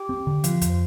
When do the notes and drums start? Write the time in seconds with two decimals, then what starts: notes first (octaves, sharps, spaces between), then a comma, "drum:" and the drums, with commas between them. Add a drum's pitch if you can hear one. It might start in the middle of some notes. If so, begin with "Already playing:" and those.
Already playing: G4 G5
0.09 C4
0.27 D3
0.44 F3 F4 F5, drum: hi-hat
0.61 F2, drum: hi-hat
0.69 C5